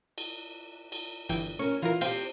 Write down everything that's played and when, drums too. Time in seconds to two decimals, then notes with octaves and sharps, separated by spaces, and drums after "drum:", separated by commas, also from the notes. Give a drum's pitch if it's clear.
0.18 drum: cymbal
0.92 drum: cymbal
1.29 G1 E3 G5, drum: cymbal
1.59 C#4 A#4 C#6
1.82 E3 F4 A#4
2.01 C4 G4 F5 G5 C6, drum: cymbal